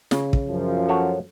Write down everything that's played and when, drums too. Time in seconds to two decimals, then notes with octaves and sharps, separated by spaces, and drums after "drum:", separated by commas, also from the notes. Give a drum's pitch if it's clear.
0.11 C#3, drum: snare
0.33 drum: kick
0.48 F#2 F3
0.89 A4 C#5 F#5